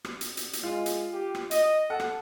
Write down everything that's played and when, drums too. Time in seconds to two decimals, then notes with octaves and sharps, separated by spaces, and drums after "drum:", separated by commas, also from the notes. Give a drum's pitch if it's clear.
0.05 drum: rim click
0.21 drum: hi-hat
0.37 drum: hi-hat
0.53 drum: hi-hat
0.63 G#3 F4
0.86 drum: hi-hat
1.13 G4
1.35 drum: rim click
1.51 D#5, drum: hi-hat
1.90 A4 F#5
2.00 drum: rim click